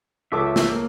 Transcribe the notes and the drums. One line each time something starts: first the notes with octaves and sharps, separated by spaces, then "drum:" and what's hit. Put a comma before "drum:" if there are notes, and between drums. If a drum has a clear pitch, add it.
C#2 A4 E5 D6
drum: snare
A#3